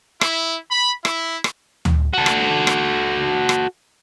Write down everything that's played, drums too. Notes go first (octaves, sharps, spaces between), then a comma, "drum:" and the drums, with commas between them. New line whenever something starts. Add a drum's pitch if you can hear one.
E4, drum: rim click
B5
E4, drum: rim click
drum: rim click
drum: tom D2
F#4 A4
drum: rim click
drum: rim click
drum: rim click